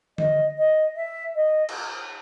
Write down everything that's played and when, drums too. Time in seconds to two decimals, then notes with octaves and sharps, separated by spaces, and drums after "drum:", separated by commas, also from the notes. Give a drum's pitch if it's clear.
0.18 D#5, drum: tom D3
0.58 D#5
0.96 E5
1.35 D#5
1.69 drum: cymbal